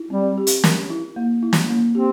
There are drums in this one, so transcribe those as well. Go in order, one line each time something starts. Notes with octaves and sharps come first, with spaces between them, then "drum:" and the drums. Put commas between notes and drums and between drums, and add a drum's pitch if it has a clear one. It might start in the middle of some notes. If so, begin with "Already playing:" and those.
Already playing: E4
G3 C4
G4
drum: hi-hat
A#4, drum: snare
E4
A#3
E4
drum: snare
A#3
C4 G4